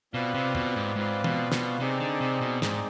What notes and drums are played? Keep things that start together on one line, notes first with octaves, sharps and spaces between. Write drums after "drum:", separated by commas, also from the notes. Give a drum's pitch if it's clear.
B2 C4 F4 B4 D5 F5
C3
B2, drum: tom
G#2
G#2 C4 F4 B4 D5 F5
B2, drum: tom
B2, drum: snare
C3 C4 D#4 G#4 D5
D3
C3
B2
G#2 C4 D#4 G#4 D5, drum: snare